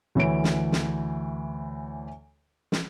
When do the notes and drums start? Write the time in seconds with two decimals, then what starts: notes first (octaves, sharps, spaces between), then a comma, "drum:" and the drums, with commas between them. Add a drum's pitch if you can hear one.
0.15 D2 E3 C#5 D7
0.44 drum: snare
0.72 drum: snare
2.72 drum: snare